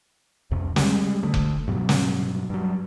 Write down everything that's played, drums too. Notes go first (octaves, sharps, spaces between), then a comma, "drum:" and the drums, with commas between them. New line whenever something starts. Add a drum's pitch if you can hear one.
C2 F2 C3
G3 G#3, drum: snare
D3 A3
drum: kick F1
G2 B2 F#3
drum: snare
G2 F#3